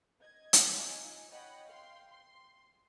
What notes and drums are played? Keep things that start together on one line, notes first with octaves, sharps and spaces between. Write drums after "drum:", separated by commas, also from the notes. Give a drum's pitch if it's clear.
D#5 G#6
drum: hi-hat
D#4 F4 G#5
C#5 D#5 F#5 G5 B5
F5 G5 C6
C6